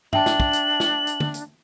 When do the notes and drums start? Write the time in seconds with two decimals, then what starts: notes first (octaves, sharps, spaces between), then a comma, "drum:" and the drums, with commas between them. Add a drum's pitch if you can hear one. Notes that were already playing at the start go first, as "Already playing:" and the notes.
0.13 D4 E5 G5 A5 F#7, drum: tom G2
0.26 drum: snare
0.40 drum: kick
0.53 drum: hi-hat
0.80 drum: snare
1.07 drum: hi-hat
1.20 drum: tom
1.34 drum: hi-hat